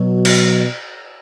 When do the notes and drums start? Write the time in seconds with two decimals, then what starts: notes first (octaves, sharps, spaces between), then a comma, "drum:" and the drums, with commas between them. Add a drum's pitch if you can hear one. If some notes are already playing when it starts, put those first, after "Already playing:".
Already playing: B2 F#3
0.25 drum: cymbal